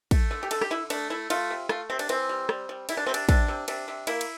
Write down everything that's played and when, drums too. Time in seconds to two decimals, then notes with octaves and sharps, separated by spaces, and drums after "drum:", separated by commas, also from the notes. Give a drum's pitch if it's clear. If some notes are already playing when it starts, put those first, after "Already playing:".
0.11 A3, drum: kick, cymbal
0.31 D3
0.43 G4
0.51 D3 A4, drum: cymbal
0.61 G4, drum: rim click
0.70 D3 E4
0.90 A3 D4, drum: cymbal
1.10 A3 E4
1.30 A3 F4, drum: cymbal
1.50 C3
1.69 A3 F4, drum: rim click
1.90 C3 C4
1.99 D4, drum: cymbal
2.09 E3 C4, drum: cymbal
2.29 G3
2.49 G3, drum: rim click
2.69 G3
2.89 G3 E4, drum: cymbal
2.97 D4
3.06 C3 C4
3.14 D4, drum: cymbal
3.29 C3 D4, drum: kick, cymbal
3.48 C3
3.68 C3 D4, drum: cymbal
3.88 C3
4.07 A#3 E4, drum: cymbal
4.21 drum: cymbal